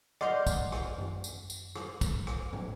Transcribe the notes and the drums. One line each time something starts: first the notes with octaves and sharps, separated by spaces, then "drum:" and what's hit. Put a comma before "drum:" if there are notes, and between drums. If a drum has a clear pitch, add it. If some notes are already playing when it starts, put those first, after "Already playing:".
D5 D#5 F#5 C6 F6 G6, drum: rim click
drum: kick, tambourine
drum: rim click
drum: tom F#2
drum: tambourine
drum: tambourine
drum: rim click
drum: kick, tambourine
drum: rim click
drum: tom